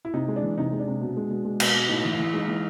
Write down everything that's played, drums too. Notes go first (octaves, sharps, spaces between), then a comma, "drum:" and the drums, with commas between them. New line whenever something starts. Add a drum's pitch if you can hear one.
E4
C3 D#4
G#3
D4
E3
C3 D#4
G#3
D4
C3
B2
G#3
B2
G#3
B2, drum: cymbal
B2
A2 D#4
E3
E4
E3
G#3 D#4
E3